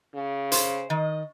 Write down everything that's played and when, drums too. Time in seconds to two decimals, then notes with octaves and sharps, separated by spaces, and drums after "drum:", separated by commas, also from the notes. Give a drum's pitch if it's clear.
0.15 C#3
0.52 C5, drum: hi-hat
0.90 D#3 D#5